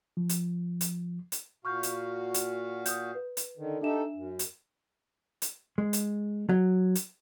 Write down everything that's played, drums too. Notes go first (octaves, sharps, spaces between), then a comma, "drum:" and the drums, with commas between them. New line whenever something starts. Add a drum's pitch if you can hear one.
F3
drum: hi-hat
drum: hi-hat
drum: hi-hat
A#2 F#4 F5 C#6 F6 G6
drum: hi-hat
drum: hi-hat
D#6 G6, drum: hi-hat
B4
drum: hi-hat
D3 D#3
D4 D#4 G4 A4 E5 E7
F#2
drum: hi-hat
drum: hi-hat
G#3
drum: hi-hat
F#3
drum: hi-hat